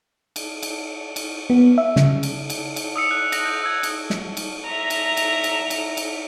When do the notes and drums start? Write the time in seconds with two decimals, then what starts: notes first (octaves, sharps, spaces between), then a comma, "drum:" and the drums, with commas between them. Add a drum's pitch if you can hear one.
0.36 drum: cymbal
0.63 drum: cymbal
1.16 drum: cymbal
1.50 B3
1.78 E5
1.96 C#3, drum: snare
2.23 drum: cymbal
2.50 drum: cymbal
2.76 drum: cymbal
2.96 D#6 E6 C#7
3.11 F#6
3.32 F#6 A#6 F7 F#7, drum: cymbal
3.45 E6 G6
3.64 E6 G#6
3.83 drum: cymbal
4.10 drum: snare
4.37 drum: cymbal
4.66 E5 A#5
4.90 drum: cymbal
5.17 drum: cymbal
5.44 drum: cymbal
5.70 drum: cymbal
5.97 drum: cymbal